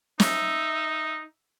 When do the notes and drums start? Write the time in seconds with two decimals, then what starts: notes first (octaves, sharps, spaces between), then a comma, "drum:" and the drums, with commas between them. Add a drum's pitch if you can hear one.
0.20 D#4 E5, drum: snare